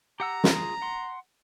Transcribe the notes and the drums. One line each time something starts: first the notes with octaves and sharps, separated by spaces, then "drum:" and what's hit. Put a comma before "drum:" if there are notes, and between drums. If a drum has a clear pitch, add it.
G4 F#5 A#5 E6
F4 G#4, drum: snare
F#5 C6